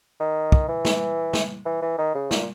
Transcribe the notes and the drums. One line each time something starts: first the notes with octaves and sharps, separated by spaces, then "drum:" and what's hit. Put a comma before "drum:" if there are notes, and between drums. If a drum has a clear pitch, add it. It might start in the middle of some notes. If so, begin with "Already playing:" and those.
D#3
drum: kick
E3
drum: snare
drum: snare
E3
E3
D#3
C#3
A#2, drum: snare